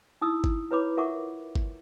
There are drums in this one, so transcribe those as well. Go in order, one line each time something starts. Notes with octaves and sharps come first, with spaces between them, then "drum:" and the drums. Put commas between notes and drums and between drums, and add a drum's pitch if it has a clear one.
D#4 E4 D#6 E6
drum: kick G1
E4 B4 C#5 B5 D6
F4 A#4 E5 F#5 C#6 D6
drum: kick G1